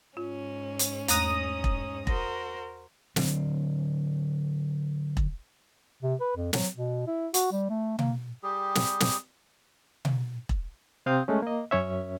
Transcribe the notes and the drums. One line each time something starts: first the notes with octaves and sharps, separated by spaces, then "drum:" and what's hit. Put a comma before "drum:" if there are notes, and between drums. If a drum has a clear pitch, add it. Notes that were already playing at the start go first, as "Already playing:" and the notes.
G#2 C#4 F4
drum: hi-hat
E2 A3 A#5 D#6 F#6, drum: hi-hat
drum: kick E1
F#4 A#4 C5 A#6, drum: kick E1
D3 F#3 C4, drum: snare
drum: kick E1
C3
B4
F2
F#3, drum: snare
B2
E4
F#4, drum: hi-hat
G3
A3
A#3, drum: tom B2
G3 G4 G#4
drum: snare
drum: snare
drum: tom B2
drum: kick E1
C3 C4 F5 D#6 G6
G#3 A3 C#4
A#3 D#5
F#2 C#4 C#5 E5